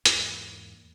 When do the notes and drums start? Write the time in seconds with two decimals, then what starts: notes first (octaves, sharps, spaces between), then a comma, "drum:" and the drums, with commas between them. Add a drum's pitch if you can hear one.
0.06 E2 G#2 A#3, drum: hi-hat